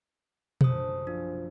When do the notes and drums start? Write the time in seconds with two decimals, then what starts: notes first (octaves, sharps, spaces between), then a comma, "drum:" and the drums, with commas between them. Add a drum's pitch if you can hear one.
0.61 A#1 F#2 A3 C5 D#6, drum: tom B2
1.07 F3 D4